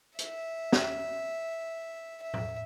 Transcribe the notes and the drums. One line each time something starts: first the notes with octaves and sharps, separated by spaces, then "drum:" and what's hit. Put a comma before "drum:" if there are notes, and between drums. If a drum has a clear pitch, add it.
E5, drum: hi-hat
drum: snare
E5
drum: tom